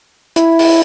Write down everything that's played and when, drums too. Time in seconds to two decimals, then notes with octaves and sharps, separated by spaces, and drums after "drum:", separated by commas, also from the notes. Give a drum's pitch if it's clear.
0.36 E4, drum: hi-hat
0.59 drum: open hi-hat